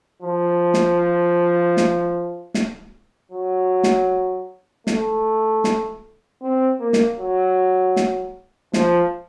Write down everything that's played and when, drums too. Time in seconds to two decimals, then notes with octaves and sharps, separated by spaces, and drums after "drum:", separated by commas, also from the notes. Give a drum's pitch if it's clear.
0.22 F3
0.74 drum: snare
1.77 drum: snare
2.54 drum: snare
3.31 F#3
3.83 drum: snare
4.87 A3, drum: snare
5.64 drum: snare
6.42 C4
6.80 A#3
6.93 drum: snare
7.18 F#3
7.96 drum: snare
8.73 F3, drum: snare